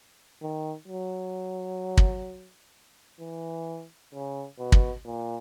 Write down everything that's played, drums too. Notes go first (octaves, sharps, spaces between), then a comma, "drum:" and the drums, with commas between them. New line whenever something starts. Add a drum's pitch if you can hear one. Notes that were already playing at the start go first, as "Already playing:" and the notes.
D#3
F#3
drum: kick
E3
C#3
B2
drum: kick
A#2